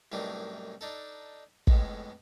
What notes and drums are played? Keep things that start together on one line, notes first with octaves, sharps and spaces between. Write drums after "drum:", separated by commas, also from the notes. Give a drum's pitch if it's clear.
C2 F#2 A2 E3 D4 D#4
D4 D#4 A4
F2 A2 G#3 B3, drum: kick